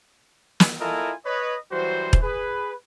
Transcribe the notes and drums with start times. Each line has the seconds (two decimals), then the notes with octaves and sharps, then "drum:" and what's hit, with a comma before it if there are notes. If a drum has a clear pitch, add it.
0.60 drum: snare
0.81 E4 F4 A4 A#4 D#5 G#5
1.25 B4 C#5 D#5
1.72 E3 F#3 G3 F#4 C5
2.13 drum: kick E1
2.22 G#4 B4